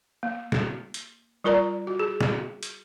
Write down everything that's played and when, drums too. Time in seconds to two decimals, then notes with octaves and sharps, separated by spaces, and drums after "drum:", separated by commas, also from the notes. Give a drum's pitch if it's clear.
0.23 A#3
0.52 drum: snare
0.94 drum: hi-hat
1.44 G3 F4 A#4 D5 A#5
1.87 F#4
1.99 G#4
2.21 drum: snare
2.63 drum: hi-hat